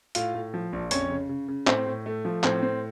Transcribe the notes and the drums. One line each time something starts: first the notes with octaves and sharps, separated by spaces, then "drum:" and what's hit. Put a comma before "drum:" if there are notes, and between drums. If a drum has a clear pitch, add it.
A2 F4 F5, drum: hi-hat
A2
F3
A#1
F2 C#4 C#5, drum: hi-hat
C#3
C#3
C#3
A2 C4 C5, drum: clap
A2
A3
F3
A2 C4 C5, drum: clap
C4